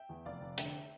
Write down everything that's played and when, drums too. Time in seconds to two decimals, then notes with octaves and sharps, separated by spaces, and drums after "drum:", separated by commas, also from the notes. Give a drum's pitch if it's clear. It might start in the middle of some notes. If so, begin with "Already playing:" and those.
Already playing: E5 G5
0.09 E2
0.25 F1 D5 F5
0.42 F1
0.58 D3 E5 G5, drum: hi-hat